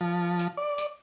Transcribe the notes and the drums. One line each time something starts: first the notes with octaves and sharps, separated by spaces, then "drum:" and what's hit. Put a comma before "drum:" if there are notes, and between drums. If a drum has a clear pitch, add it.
F3
drum: tambourine
D5
drum: tambourine